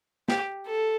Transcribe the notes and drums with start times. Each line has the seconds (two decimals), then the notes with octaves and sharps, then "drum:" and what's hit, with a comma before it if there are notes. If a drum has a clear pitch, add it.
0.28 G4, drum: snare
0.66 A4